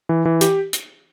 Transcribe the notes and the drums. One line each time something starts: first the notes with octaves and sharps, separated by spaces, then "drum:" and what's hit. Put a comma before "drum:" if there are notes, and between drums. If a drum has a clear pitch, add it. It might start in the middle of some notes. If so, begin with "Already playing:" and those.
E3
E3
G4, drum: hi-hat
drum: hi-hat